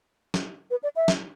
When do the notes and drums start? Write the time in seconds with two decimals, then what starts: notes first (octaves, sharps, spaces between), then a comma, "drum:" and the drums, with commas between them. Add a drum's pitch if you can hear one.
0.34 drum: snare
0.71 B4
0.83 D5
0.96 E5
1.08 drum: snare